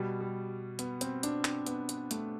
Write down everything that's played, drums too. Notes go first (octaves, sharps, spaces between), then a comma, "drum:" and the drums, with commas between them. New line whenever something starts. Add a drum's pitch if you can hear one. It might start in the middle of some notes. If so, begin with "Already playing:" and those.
Already playing: B2 G3
G3
B3, drum: hi-hat
C4, drum: hi-hat
D4, drum: hi-hat
C4, drum: clap
B3, drum: hi-hat
drum: hi-hat
A3, drum: hi-hat